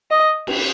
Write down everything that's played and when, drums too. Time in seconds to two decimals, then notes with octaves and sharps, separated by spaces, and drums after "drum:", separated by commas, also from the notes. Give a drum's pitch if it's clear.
0.11 D#5
0.47 drum: cymbal